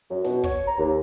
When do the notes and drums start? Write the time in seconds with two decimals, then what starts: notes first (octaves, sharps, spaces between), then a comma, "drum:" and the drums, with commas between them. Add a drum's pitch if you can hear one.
0.10 F#2
0.24 B2, drum: snare
0.43 C#5, drum: kick, hi-hat
0.68 A#5, drum: hi-hat
0.79 D#2